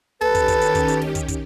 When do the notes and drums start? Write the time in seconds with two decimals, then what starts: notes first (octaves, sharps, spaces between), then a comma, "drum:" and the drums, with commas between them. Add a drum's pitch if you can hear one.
0.21 D#3 C#4 G4 A4 B4, drum: snare
0.35 drum: kick, hi-hat
0.48 drum: kick, hi-hat
0.61 drum: hi-hat
0.75 drum: kick, hi-hat
0.88 drum: hi-hat
1.02 drum: snare
1.15 drum: kick, hi-hat
1.28 drum: kick, hi-hat